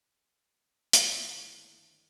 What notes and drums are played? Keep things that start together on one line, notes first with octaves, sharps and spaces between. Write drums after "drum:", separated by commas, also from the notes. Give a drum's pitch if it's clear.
G1 D3 D#3 A3 E4, drum: hi-hat